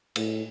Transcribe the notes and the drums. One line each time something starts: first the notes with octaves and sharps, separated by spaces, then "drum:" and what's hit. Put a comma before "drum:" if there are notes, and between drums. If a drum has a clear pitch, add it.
A2, drum: cymbal